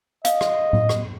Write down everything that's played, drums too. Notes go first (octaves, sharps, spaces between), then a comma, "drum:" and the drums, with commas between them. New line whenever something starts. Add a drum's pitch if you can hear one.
D#5 F5, drum: hi-hat
drum: rim click
drum: tom A2
drum: rim click